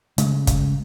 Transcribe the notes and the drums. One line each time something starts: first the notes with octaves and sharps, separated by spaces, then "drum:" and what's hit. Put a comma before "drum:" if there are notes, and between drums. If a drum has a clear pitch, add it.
C#3 G#3 A3, drum: hi-hat
drum: kick, hi-hat